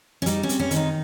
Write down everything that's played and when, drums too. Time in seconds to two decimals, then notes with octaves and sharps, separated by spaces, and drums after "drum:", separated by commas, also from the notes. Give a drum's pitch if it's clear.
0.22 C#4
0.26 G3 D#4, drum: hi-hat
0.43 C#4
0.49 C4, drum: hi-hat
0.59 C#4
0.71 D#3, drum: hi-hat
0.76 D#4